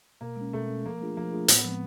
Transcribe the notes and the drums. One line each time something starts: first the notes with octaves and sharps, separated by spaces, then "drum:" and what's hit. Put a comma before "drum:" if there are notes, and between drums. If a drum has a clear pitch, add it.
B2 A#3
G#3 C#4
B2 A3
G#3 C#4
F3 A#3
A3 D4 F4 G#4
F3 A#3
A3 D4 F4 G#4
A2 B3, drum: hi-hat
F3 G#3 C4